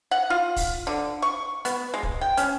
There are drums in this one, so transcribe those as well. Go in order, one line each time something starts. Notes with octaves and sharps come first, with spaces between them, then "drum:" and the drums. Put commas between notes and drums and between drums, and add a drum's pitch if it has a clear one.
F#5
F4
drum: kick, open hi-hat
D3
C#6
B3, drum: hi-hat
G#3
drum: kick
G5
C#4, drum: hi-hat